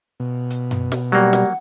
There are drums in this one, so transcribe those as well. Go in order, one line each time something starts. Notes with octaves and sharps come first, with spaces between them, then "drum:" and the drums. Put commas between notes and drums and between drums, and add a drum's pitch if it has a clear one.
B2
drum: hi-hat
drum: tom F#2
drum: snare
F#3 G3 A#3 F#5, drum: hi-hat
drum: snare